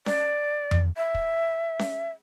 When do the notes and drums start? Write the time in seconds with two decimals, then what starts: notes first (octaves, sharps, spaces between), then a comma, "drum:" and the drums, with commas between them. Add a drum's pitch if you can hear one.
0.06 D5, drum: snare C#4
0.71 drum: tom F2
0.97 E5
1.14 drum: kick
1.79 drum: snare C#4